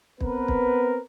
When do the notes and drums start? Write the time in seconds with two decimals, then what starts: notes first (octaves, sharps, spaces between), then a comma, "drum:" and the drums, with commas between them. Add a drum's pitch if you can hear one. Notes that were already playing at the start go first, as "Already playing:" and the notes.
0.21 B3 C4 A#4 B4, drum: kick
0.48 drum: kick